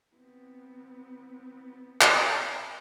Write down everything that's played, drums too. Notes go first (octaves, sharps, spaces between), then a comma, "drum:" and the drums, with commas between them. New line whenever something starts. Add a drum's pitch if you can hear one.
B3 C4
drum: clap